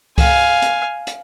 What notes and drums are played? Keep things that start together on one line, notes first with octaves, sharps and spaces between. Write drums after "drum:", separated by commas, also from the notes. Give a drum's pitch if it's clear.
F5 G#5, drum: kick C#2, open hi-hat
drum: hi-hat
drum: hi-hat